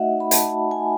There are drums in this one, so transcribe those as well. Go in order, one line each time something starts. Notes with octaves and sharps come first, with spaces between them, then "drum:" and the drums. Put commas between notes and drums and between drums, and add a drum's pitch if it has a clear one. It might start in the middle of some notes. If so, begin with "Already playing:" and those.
Already playing: A3 D#4 F#4 D#5 E5 F#5
D#4
B5
F#4 A5, drum: hi-hat
F#4
D#4 G#5